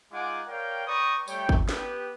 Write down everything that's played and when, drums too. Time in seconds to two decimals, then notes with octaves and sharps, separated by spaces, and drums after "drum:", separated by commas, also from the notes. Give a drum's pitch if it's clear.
0.12 G#3 D#4 F4 F#5 G#5 D6
0.48 A#4 C#5 D5 F5 G5
0.87 B4 D5 G5 A#5 C#6 D#6
1.28 G3 A3 C#5 G5, drum: tambourine
1.49 drum: kick G#1
1.69 B3 G4 B4, drum: snare